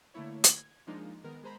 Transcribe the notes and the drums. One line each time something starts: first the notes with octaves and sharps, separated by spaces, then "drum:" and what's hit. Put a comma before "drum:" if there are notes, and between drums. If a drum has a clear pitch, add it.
D3 A3 A#3 E4 C#5
G#6, drum: hi-hat
F3 G#3 A#3 D4 D#4 F4
D#3 G#3 B3 A#4
G#3 G#4 C5 A#5 B5